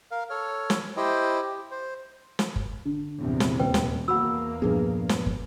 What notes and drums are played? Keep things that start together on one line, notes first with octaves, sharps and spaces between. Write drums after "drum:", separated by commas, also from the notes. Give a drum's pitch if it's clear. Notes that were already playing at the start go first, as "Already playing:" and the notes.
A#4 F5
A4 C#5 F6
drum: snare
E4 G4 C5 D#5 G5
G4
C5
drum: snare
drum: kick
D3
A#1 E2 C3
drum: snare
D#1 B4 C5 G5
drum: snare
E2 A#3 F#4 F#5 B5 E6
G2 A#2 F3 B3 G#4
drum: snare
drum: kick